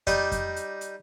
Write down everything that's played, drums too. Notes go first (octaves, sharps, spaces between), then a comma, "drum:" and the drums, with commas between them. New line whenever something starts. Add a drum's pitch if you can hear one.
G3 D#4 D5 D#5, drum: kick F2, hi-hat
drum: kick F2, hi-hat
drum: hi-hat
drum: hi-hat